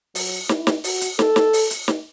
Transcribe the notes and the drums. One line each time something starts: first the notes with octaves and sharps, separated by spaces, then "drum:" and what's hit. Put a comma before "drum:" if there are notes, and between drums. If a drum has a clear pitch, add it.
F#3, drum: open hi-hat
E4, drum: snare
drum: snare
F#4, drum: open hi-hat
drum: hi-hat
A4, drum: snare
drum: snare
drum: open hi-hat
drum: hi-hat
drum: snare